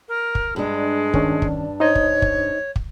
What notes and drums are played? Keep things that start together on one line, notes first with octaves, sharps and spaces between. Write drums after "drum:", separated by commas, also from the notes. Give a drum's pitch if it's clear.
A#4
drum: kick
G2 G#3 D4
D#3 C#4, drum: kick
drum: kick
D#4 C5 C#5 D#5
drum: kick
drum: kick
drum: kick